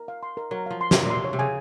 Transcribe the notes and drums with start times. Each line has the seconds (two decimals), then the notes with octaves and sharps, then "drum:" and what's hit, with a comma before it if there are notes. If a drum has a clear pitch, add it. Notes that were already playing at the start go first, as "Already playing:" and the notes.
Already playing: A#4
0.08 F5
0.23 C6
0.37 A#4
0.51 F#3 A#4
0.66 F3 F5
0.81 C6
0.91 C3 A#4, drum: snare
1.05 A#2
1.10 C3 C6
1.25 C#5
1.33 C3
1.39 C#3 G#5